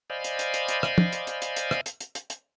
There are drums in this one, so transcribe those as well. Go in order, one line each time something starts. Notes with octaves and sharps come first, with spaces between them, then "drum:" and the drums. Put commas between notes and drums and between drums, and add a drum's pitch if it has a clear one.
C5 D5 D#5 F5 G#5 B5
drum: hi-hat
drum: hi-hat
drum: hi-hat
drum: hi-hat
drum: rim click
drum: tom
drum: hi-hat
drum: hi-hat
drum: hi-hat
drum: hi-hat
drum: rim click
drum: hi-hat
drum: hi-hat
drum: hi-hat
drum: hi-hat